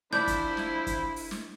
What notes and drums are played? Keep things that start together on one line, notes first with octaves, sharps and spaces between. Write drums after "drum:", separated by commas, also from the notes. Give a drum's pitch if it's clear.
F3 D4 E4 C5 B5 G6, drum: snare
drum: kick, hi-hat
drum: snare
drum: kick, hi-hat
drum: open hi-hat
drum: snare